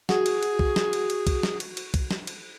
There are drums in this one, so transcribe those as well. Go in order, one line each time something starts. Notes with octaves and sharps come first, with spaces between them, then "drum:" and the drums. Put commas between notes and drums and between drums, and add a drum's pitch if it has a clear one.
F#4 G#4, drum: snare
drum: cymbal
drum: cymbal
drum: kick
drum: snare
drum: cymbal
drum: cymbal
drum: kick, cymbal
drum: snare
drum: cymbal
drum: cymbal
drum: kick, cymbal
drum: snare
drum: cymbal